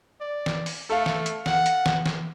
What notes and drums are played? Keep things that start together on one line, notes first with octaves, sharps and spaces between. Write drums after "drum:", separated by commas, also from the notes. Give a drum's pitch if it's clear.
D5
drum: snare
drum: open hi-hat
A3 A4 F5
drum: snare
drum: hi-hat
F#5, drum: snare
drum: hi-hat
drum: snare
drum: snare